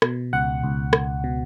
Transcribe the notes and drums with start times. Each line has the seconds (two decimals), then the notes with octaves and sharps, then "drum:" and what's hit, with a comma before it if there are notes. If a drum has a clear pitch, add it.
0.02 B2, drum: rim click
0.33 C#2 F#5
0.63 C#2
0.93 C#2, drum: rim click
1.24 B2